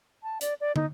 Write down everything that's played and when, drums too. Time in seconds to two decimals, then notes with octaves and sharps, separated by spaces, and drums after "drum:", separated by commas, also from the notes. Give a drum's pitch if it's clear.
0.23 A5
0.41 D5, drum: hi-hat
0.60 D5
0.76 D#4, drum: tom